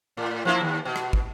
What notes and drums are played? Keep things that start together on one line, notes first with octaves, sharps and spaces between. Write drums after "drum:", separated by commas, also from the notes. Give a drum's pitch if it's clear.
A2
F3 A#3 E4
D#2
B2
drum: rim click
drum: kick